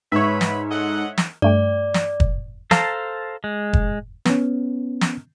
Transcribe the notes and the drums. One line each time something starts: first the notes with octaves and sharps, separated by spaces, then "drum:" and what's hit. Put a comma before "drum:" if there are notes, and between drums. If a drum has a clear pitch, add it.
G#2 B4 C#5 E5 B5
drum: snare
A4 D#5 F#5
drum: snare
G2 A3 D5 G5
drum: snare
drum: kick
A4 C5 F5 A5 A#5, drum: snare
G#3
drum: kick
B3 C#4, drum: snare
drum: snare